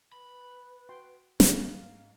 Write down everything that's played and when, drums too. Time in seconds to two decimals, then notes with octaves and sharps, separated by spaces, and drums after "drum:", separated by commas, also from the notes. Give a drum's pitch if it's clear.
0.12 B4 B5
0.89 F#4 G5 C6
1.40 G#2 F5 F#5 G#5 A#5, drum: snare